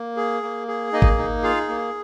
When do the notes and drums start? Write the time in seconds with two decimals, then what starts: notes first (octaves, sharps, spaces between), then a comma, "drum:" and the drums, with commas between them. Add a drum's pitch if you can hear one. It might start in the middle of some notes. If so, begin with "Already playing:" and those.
Already playing: A#3
0.17 G#4
0.43 A#3
0.67 G#4
0.93 A#3 D#4 D#5
1.02 drum: kick G#1
1.18 D#4
1.43 F4 G#4 F5
1.69 A#3